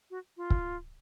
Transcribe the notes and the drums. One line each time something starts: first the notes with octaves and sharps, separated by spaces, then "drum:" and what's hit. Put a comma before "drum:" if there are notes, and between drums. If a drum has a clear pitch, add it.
F#4
F4
drum: kick